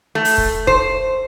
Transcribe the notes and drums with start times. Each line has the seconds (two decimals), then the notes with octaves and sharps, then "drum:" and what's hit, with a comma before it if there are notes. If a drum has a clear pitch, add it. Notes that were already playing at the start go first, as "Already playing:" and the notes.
0.15 A3
0.25 drum: open hi-hat
0.38 drum: kick
0.67 C5, drum: kick